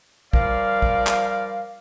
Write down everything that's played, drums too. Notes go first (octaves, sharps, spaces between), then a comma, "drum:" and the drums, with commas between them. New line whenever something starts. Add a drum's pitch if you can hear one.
F3 G3 A#4 D5 F5, drum: kick
drum: kick
drum: clap